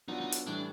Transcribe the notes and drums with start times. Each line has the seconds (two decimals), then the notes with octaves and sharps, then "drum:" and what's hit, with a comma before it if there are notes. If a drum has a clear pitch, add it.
0.08 F#3 B3 D4 D#4 F4
0.21 D#4
0.32 drum: hi-hat
0.47 A2 E3 G3 D4